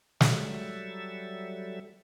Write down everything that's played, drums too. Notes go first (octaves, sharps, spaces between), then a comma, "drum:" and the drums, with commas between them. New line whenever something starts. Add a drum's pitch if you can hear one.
F#3 G3 A4 E5, drum: snare